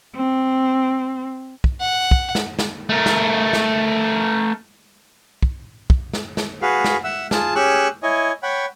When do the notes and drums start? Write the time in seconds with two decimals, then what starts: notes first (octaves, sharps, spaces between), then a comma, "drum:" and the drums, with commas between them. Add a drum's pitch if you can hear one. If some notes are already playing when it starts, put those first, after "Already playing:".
0.16 C4
1.64 drum: kick
1.80 F#5
2.11 drum: kick
2.35 drum: snare
2.59 drum: snare
2.89 A3 A#4
3.06 drum: snare
3.53 drum: snare
5.43 drum: kick
5.90 drum: kick
6.13 drum: snare
6.37 drum: snare
6.62 F#4 G#4 B4 F5
6.84 drum: snare
7.04 E5 F#5 E6
7.31 F4 G#4 A5, drum: snare
7.55 C#4 G4 G#4 C#6 E6 F#6
8.03 E4 C#5 D#5 G#5
8.43 C#5 F#5 G5 B5